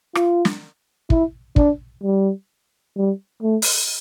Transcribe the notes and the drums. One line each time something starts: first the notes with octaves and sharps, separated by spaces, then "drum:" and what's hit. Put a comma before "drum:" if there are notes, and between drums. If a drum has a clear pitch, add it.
F4, drum: rim click
drum: snare
E4, drum: kick
D4, drum: kick
G3
G3
A3
drum: open hi-hat